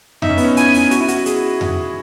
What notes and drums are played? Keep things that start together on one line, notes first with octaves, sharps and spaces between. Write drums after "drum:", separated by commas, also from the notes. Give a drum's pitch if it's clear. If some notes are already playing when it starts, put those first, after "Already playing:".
D#4 E5, drum: tom F2
C#4
B3, drum: open hi-hat
C#4
E4 G#5, drum: hi-hat
drum: open hi-hat
F#4, drum: hi-hat
E4
F#4, drum: hi-hat
G#4, drum: hi-hat
drum: tom F2